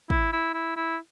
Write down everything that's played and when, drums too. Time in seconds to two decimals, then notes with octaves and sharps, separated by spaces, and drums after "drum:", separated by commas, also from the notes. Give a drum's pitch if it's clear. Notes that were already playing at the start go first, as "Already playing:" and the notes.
0.10 E4, drum: kick
0.33 E4
0.54 E4
0.76 E4